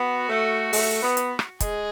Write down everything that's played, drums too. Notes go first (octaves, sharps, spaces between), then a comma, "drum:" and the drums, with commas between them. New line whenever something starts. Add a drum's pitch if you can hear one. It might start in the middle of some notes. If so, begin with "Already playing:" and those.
Already playing: B3 F#4
A3
A3, drum: open hi-hat
B3
drum: hi-hat
drum: rim click
G#3 G#4, drum: kick, hi-hat